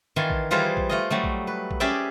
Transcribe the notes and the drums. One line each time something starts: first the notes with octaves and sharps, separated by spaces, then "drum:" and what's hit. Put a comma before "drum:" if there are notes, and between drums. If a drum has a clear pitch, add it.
D#3 E3 F4 G#5 A5 C6
drum: kick A#1
E3 G3 F4 G#4 C5 F5
drum: kick A#1
A3 F4 D#5
F#3 G3 A3
drum: kick A#1
B4
drum: kick A#1
C#4 G4 G#4 D5 E5 G5